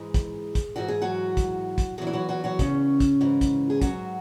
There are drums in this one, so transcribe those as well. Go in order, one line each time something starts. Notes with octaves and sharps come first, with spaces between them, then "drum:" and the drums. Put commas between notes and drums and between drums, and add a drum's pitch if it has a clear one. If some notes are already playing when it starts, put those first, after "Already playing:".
Already playing: G#2 E3 G#3 G#4
drum: kick, hi-hat
drum: kick, hi-hat
G#2 E3 F#4
G#4
F#3 F#4
drum: kick, hi-hat
drum: kick, hi-hat
E2 E3 F#3 F#4
E4
F#3 F#4
F#3 F#4
F#3 F#4
C#3 C#4, drum: kick, hi-hat
drum: kick, hi-hat
G#2 E3
drum: kick, hi-hat
G#4
F#3 F#4, drum: kick, hi-hat